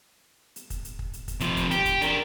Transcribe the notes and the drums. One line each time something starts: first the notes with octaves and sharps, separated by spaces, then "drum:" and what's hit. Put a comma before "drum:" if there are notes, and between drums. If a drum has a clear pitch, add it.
drum: hi-hat
drum: kick, hi-hat
drum: hi-hat
drum: kick
drum: hi-hat
drum: kick, hi-hat
C3 F3, drum: hi-hat
drum: kick, hi-hat
G4, drum: hi-hat
drum: kick, hi-hat
D4 A#4, drum: hi-hat